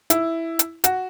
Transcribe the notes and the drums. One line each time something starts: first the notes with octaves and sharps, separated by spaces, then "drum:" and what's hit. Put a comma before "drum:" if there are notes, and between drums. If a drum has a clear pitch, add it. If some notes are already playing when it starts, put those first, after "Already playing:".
E4, drum: hi-hat
drum: hi-hat
F#4, drum: hi-hat